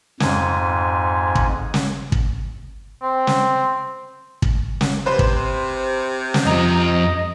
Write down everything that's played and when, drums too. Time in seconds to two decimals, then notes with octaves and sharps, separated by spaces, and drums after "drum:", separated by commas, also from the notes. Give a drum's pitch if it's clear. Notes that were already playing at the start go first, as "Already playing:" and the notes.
0.20 F2 G#2 G#5, drum: snare
1.35 drum: kick
1.74 drum: snare
2.12 drum: kick
3.03 C4
3.27 drum: snare
4.42 drum: kick
4.81 drum: snare
5.06 C3 B4 C5 C6
5.19 drum: kick
6.34 drum: snare
6.47 F2 F3 D#5 A#5